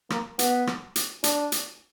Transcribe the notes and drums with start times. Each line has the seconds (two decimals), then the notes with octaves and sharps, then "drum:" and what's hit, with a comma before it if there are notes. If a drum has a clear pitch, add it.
0.10 A#3, drum: rim click
0.39 B3, drum: hi-hat
0.67 drum: rim click
0.96 drum: hi-hat
1.24 D4, drum: hi-hat
1.52 drum: hi-hat